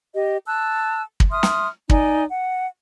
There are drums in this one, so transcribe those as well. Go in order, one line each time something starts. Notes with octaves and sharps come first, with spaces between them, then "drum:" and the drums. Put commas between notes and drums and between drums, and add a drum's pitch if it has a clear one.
G4 D#5
A5 E6 F#6
drum: kick
E5 C6 D#6 F6
drum: snare
D#4 D5 G#5, drum: kick
F#5